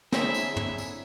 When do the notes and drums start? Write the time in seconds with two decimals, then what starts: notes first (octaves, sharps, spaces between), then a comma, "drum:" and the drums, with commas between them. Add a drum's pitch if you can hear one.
0.12 D3 C4 E4 G#4 C#5 E5 A#5, drum: snare
0.34 drum: tambourine
0.56 drum: tom
0.78 drum: tambourine